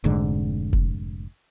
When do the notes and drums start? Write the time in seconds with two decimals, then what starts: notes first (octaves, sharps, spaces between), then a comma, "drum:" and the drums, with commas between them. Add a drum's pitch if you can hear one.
0.04 F1 G#2 D3
0.73 drum: kick F1